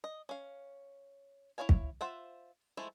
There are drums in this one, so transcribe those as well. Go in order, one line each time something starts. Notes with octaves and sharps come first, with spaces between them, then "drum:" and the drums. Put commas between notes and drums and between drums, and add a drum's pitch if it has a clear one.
D#5
C#4 F5
E4 F#4 C#5 F5 G#5
drum: kick
F4 C5 E5 F#5
F3 G#3 A3 E4